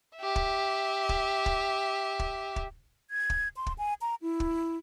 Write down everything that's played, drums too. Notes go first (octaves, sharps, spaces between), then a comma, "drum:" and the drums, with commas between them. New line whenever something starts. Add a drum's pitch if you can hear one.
G4 E5
drum: kick
drum: kick
drum: kick
drum: kick
drum: kick
G#6
drum: kick
C6
drum: kick
G#5
A#5
E4
drum: kick